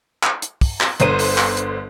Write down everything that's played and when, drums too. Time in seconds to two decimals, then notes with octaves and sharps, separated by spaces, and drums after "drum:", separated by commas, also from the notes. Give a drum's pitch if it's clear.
0.23 drum: clap
0.42 drum: hi-hat
0.61 drum: kick, open hi-hat
0.81 drum: clap
1.00 G1 D3 C5 D#7, drum: hi-hat
1.19 drum: open hi-hat
1.38 drum: clap
1.57 drum: hi-hat